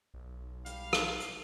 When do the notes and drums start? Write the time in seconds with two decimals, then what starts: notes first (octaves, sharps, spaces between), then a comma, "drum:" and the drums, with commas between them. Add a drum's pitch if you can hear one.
0.14 B1
0.66 G3 F5, drum: hi-hat
0.93 drum: rim click
1.20 drum: hi-hat